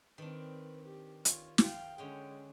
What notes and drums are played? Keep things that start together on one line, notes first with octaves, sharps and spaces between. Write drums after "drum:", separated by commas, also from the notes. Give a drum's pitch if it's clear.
D#3 C4 D4 B4
G4
F4 C#5, drum: hi-hat
F5 G5, drum: snare
D3 G#3 C#4 G5